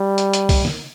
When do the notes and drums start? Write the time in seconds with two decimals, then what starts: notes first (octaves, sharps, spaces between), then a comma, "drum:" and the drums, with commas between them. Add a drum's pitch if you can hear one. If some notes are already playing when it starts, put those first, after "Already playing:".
Already playing: G3
0.18 drum: hi-hat
0.33 drum: hi-hat
0.49 drum: kick, open hi-hat
0.65 drum: snare